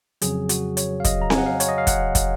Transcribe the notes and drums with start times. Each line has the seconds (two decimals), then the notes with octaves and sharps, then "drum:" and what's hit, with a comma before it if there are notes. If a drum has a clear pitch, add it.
0.22 F2 C#3 F#3 G#4, drum: hi-hat
0.49 F#4, drum: hi-hat
0.77 C#5, drum: hi-hat
1.00 F5
1.04 D#5, drum: kick, hi-hat
1.22 A#5
1.30 G#5, drum: snare C4
1.38 F#5
1.46 F5
1.60 C#5, drum: hi-hat
1.68 D#5
1.78 F5
1.87 F#5, drum: kick, hi-hat
2.15 drum: kick, hi-hat